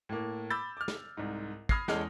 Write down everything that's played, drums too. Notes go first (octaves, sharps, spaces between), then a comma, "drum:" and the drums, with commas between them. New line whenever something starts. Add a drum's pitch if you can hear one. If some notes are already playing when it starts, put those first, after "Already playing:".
A2 A#3
B5 D6 E6 G6 A6
D6 F6
drum: snare
C2 G#2
B5 D#6 F6 G#6 A#6 C7, drum: kick
E2 G#3 C#4 A4 F6, drum: snare